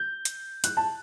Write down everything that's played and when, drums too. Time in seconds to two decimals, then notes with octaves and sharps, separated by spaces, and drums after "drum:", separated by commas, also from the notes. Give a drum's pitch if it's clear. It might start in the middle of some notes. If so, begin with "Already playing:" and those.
Already playing: G6
0.25 drum: hi-hat
0.64 F#6, drum: hi-hat
0.77 A5